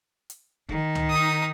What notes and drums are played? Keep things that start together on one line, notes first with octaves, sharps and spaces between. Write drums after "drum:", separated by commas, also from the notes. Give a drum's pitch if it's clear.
drum: hi-hat
D#3, drum: kick
drum: tom
D#4 D#6